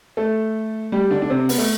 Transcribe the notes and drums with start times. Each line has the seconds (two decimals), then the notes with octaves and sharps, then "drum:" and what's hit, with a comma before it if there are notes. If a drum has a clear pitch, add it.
0.17 A3 A4
0.92 G3 G4
1.11 D3 D4
1.22 D4
1.30 C3 C4
1.49 B3, drum: open hi-hat
1.58 A3